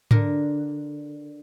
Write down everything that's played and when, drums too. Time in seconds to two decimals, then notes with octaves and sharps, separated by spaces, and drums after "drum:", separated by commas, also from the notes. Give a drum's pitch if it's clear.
0.11 D3 A#4, drum: tom G#2